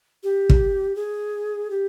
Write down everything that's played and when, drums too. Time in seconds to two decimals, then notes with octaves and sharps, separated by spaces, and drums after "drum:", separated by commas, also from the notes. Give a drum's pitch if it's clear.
0.23 G4
0.50 drum: kick
0.96 G#4
1.70 G4